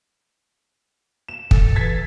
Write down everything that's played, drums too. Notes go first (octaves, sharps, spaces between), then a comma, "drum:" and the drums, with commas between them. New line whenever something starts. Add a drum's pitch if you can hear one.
E7
A4, drum: kick
E3 G#6 A6 B6